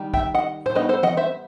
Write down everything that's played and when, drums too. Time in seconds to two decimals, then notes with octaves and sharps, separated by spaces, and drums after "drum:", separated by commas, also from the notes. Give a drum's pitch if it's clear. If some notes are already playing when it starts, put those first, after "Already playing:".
Already playing: D#3 G3 D#4
0.14 E5 G5, drum: kick
0.34 D#5 F#5
0.66 C5, drum: tom A2
0.75 G3 B3 D#4 B4 D#5
0.89 A4 C5
1.03 D#5 F#5, drum: tom E3
1.17 C5 E5